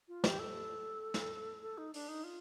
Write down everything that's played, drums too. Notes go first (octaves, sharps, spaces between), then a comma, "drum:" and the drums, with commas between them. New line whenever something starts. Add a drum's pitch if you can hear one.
F4
G4, drum: snare
A4
drum: snare
A4
D#4
D4, drum: open hi-hat
D#4
F4